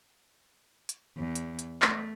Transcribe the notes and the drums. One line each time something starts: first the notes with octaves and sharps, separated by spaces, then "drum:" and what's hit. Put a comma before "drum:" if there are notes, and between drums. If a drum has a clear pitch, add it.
drum: hi-hat
E2
drum: hi-hat
drum: hi-hat
A3, drum: clap